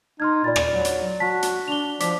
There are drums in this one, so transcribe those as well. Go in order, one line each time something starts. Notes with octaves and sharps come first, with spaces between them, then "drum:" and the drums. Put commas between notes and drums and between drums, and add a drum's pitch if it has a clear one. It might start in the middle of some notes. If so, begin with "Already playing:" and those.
D#4 C6 F6 G#6
A#2 D5 B5 A6
drum: rim click
F#3
drum: hi-hat
F#4 A5 B6
drum: hi-hat
D4 F7 G7
F3 D5 D6 B6, drum: hi-hat